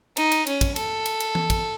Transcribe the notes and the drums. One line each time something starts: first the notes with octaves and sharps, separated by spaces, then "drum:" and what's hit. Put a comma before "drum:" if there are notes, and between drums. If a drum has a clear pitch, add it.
D#4, drum: cymbal
drum: cymbal
C#4, drum: cymbal
drum: kick, cymbal
A4, drum: cymbal
drum: cymbal
drum: cymbal
drum: tom E3
drum: kick, cymbal